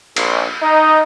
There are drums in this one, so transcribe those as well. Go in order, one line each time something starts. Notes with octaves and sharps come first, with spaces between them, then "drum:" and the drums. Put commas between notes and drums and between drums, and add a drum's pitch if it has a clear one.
A#1, drum: cymbal
D#4